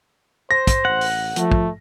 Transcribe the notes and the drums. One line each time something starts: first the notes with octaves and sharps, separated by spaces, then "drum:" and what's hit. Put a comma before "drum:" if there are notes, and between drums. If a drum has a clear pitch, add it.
C5 A#6
drum: kick, hi-hat
A1 F#5
drum: open hi-hat
F3 A3, drum: hi-hat
drum: kick